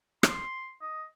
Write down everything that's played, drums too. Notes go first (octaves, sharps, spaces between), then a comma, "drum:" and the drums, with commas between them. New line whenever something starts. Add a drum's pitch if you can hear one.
C6, drum: rim click
D#5